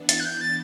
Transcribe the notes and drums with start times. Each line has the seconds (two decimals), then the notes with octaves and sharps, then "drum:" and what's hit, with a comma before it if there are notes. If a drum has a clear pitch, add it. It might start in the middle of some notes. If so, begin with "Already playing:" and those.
Already playing: E3 B3 D4
0.09 A6, drum: hi-hat
0.20 F#6
0.25 G6
0.41 A6